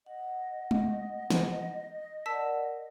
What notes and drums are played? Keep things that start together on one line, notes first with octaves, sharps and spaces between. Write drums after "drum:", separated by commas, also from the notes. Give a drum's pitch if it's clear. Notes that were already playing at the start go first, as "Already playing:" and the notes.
D#5 F#5
drum: tom G#3
drum: snare
A#4 D5 F#5 A5 E6 B6